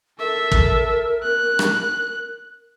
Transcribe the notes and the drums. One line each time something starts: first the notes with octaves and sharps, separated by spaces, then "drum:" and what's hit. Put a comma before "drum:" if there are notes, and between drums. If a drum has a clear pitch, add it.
A4 A#4 E5
drum: kick
F#6
drum: rim click